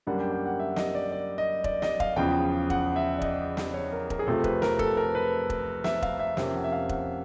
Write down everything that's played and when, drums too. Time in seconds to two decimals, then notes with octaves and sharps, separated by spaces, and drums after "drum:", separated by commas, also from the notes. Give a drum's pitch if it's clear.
0.07 F#2 D3 G3 A#3 D4 F#5
0.20 G5
0.33 G5
0.46 F#5
0.60 E5
0.76 D#5, drum: snare
0.95 D5
1.12 D5
1.38 D#5
1.64 D5, drum: kick E1
1.82 D#5, drum: snare
2.00 F5, drum: kick E1
2.16 E2 C#3 F3 G5
2.70 F#5, drum: kick E1
2.96 E5
3.18 D5
3.22 D#5, drum: kick E1
3.57 drum: snare
3.74 C#5
3.92 A#4
4.10 A#4, drum: kick E1
4.19 G#4
4.27 F2 C3 F3 A3 A4
4.44 B4, drum: kick E1
4.62 A#4, drum: snare
4.79 A4, drum: kick E1
4.97 A#4
5.15 B4
5.50 drum: kick E1
5.84 E5, drum: snare
6.02 F5, drum: kick E1
6.19 E5
6.37 F2 C3 F3 A#3 C#4 E5, drum: snare
6.55 F#5
6.64 E5
6.72 F5
6.89 F#5, drum: kick E1